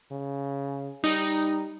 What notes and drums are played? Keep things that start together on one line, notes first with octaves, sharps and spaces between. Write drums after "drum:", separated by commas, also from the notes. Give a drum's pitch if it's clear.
C#3
G3 D#4, drum: open hi-hat